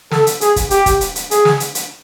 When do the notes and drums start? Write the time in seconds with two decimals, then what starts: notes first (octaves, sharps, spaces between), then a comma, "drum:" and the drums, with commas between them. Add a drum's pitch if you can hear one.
0.11 A4, drum: snare
0.27 drum: hi-hat
0.41 G#4, drum: hi-hat
0.56 drum: kick, hi-hat
0.70 G4, drum: hi-hat
0.86 drum: kick, hi-hat
1.01 drum: hi-hat
1.16 drum: hi-hat
1.31 G#4, drum: hi-hat
1.45 drum: snare
1.60 drum: hi-hat
1.75 drum: hi-hat